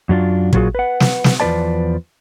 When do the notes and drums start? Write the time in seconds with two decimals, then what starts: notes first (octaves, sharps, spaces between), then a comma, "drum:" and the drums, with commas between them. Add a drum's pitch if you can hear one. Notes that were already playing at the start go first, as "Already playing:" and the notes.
0.09 F#2 F#3 D4 F4
0.53 A#2 F#3 F4 F#4 G#4, drum: kick
0.75 B4 F#5
1.00 drum: snare
1.24 drum: snare
1.40 E2 F3 F#4 B4 D5 A5